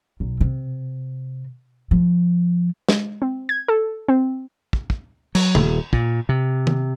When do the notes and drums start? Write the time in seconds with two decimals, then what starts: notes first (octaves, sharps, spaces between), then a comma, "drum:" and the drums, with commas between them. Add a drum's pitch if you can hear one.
0.20 B1
0.40 C3
1.91 F3
2.89 G#3, drum: snare
3.22 C4
3.49 G#6
3.68 A4
4.08 C4
4.73 drum: kick
4.90 drum: kick
5.35 F#3, drum: cymbal
5.55 D#1, drum: tom
5.93 A#2, drum: kick
6.29 C3
6.67 drum: tom